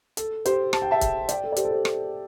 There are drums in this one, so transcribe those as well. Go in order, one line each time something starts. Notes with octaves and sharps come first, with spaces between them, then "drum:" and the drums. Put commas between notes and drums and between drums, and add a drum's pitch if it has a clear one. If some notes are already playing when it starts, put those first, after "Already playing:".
A4, drum: hi-hat
G4 C5, drum: hi-hat
A5, drum: rim click
G5
E5 A5
drum: kick, hi-hat
D5 G5, drum: hi-hat
A4
D5
G4 C5, drum: hi-hat
A4
G4 C5
drum: rim click